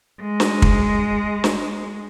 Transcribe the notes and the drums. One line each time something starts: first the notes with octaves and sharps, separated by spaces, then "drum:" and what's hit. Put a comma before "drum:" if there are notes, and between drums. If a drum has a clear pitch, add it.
G#3
drum: snare
drum: kick
drum: snare